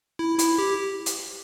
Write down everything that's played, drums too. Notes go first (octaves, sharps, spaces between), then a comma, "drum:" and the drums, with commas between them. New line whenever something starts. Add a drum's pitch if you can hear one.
E4
E4, drum: hi-hat
G4
drum: hi-hat